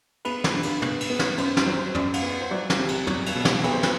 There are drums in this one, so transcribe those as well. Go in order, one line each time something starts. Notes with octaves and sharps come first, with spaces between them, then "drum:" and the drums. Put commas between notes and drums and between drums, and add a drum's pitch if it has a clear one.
B3 B4, drum: cymbal
drum: snare
G2
drum: cymbal
B3, drum: tom
drum: cymbal
B3
drum: snare
F#2 C5, drum: cymbal
C5, drum: snare
F#3
C5
F#2 D5, drum: tom
F#5, drum: cymbal
B3
C5
F#3 D5
drum: snare
C2
drum: cymbal
F#3, drum: tom
drum: cymbal
B2
drum: snare
B1 B4, drum: cymbal
C5
B4, drum: snare